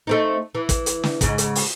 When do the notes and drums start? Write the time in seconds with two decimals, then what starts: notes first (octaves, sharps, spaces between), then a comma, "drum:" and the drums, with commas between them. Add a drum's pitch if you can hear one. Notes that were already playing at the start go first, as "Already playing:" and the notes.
0.07 A3 C4 D#4
0.55 E3
0.69 drum: kick, hi-hat
0.86 drum: hi-hat
1.03 drum: snare
1.21 G#2 C#3, drum: kick, hi-hat
1.38 drum: hi-hat
1.55 drum: open hi-hat